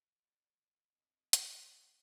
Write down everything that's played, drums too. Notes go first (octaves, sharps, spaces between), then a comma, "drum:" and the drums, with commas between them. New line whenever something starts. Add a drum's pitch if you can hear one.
D5
C4 D#5
drum: hi-hat